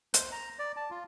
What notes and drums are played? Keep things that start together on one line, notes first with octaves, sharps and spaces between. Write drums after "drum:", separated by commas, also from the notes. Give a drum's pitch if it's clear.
C5, drum: hi-hat
A#5
D5
A5
F4